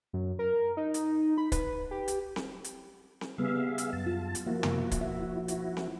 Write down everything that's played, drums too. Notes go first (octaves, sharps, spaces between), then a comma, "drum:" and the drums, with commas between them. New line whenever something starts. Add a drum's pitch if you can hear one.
F#2
A#4
D#4
drum: hi-hat
B5
B4, drum: kick, hi-hat
G4
drum: hi-hat
drum: snare C4
drum: hi-hat
drum: snare C4
C#3 G3 B3 G#4 E5 F5
drum: hi-hat
F#2 A5
F4
drum: hi-hat
F3 A#3 E4 F#4
drum: tom
drum: kick, hi-hat
E5
drum: hi-hat
drum: snare C4